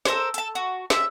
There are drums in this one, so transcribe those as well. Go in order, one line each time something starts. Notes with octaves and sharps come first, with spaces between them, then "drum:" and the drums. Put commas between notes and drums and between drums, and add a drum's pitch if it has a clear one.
A4 A#4 C5 C#5, drum: snare
A4 A5, drum: hi-hat
F#4
E5, drum: snare